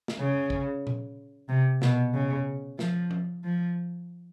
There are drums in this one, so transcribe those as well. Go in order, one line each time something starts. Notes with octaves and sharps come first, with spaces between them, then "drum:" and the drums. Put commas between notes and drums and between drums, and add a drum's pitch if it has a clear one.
drum: snare
C#3
drum: kick
drum: tom A#2
C3
B2, drum: snare
C#3
F3, drum: snare
drum: tom F3
F3